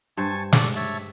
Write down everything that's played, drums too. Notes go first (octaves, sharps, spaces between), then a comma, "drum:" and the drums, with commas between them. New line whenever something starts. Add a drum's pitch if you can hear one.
G2 C5 G#5 A5 C#6
A4 D5 C#6, drum: snare
C#5 E5 A5